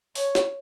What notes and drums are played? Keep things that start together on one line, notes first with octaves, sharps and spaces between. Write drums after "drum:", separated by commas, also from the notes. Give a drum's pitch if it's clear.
C#5, drum: open hi-hat
drum: snare